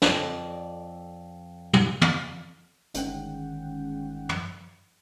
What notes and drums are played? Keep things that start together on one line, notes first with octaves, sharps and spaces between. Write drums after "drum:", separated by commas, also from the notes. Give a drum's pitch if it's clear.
F2 D5, drum: snare
drum: tom
drum: tom
G1 D#3 G#3 C#4 F#5 G5, drum: hi-hat
drum: tom